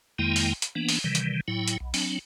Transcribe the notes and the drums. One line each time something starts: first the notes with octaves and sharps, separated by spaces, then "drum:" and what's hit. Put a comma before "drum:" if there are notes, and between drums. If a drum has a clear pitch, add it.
F2 D#3 G#3 A#3 E4 G5
drum: open hi-hat
drum: hi-hat
E3 A#3 B3 D4
drum: open hi-hat
C3 D#3 E3 G3
drum: hi-hat
A2 F#3 E4 G5
drum: hi-hat
B1
F#3 C4 D4, drum: open hi-hat